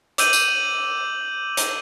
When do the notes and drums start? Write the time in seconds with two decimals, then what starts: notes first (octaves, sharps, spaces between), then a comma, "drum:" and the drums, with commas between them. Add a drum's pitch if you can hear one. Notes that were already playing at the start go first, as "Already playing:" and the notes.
0.18 D6 E6 G6 D#7 F#7, drum: hi-hat
0.33 drum: tambourine
1.57 drum: hi-hat